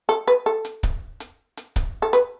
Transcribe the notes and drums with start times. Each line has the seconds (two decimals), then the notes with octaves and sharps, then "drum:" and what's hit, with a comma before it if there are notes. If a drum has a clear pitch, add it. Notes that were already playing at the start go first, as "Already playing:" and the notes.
0.09 A4
0.27 B4
0.46 A4
0.65 drum: hi-hat
0.83 drum: kick C#1, hi-hat
1.20 drum: hi-hat
1.57 drum: hi-hat
1.76 drum: kick C#1, hi-hat
2.02 A4
2.13 B4, drum: hi-hat